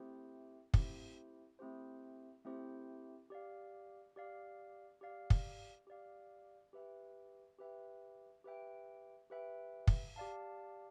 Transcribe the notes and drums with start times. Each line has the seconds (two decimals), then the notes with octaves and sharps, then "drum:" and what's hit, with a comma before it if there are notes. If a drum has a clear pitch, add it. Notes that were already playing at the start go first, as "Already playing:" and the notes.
Already playing: A3 C4 E4 G4 C5
0.74 A3 C4 E4 G4 C5, drum: kick
1.59 A3 C4 E4 G4 C5
2.45 A3 C4 E4 G4 C5
3.30 G4 D5 F5
4.16 G4 D5 F5
5.01 G4 D5 F5
5.30 drum: kick
5.87 G4 D5 F5
6.73 G4 B4 E5 G5
7.59 G4 B4 E5 G5
8.44 G4 B4 E5 G5
9.30 G4 B4 E5 G5
9.87 drum: kick
10.16 G4 D5 F5 A5